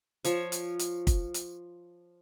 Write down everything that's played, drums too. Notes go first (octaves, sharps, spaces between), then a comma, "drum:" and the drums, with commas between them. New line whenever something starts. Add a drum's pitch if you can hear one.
F3 C#5, drum: hi-hat
drum: hi-hat
drum: hi-hat
drum: kick, hi-hat
drum: hi-hat